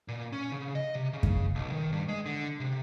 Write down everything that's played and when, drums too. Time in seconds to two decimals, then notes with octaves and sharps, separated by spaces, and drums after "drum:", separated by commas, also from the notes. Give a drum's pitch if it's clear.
0.08 A#2
0.33 C#4
0.52 C#3
0.75 D#5
0.95 C3
1.13 C#3
1.23 drum: kick F#2
1.55 B1
1.72 D#3
1.92 G2
2.08 G#3
2.26 D3
2.60 C3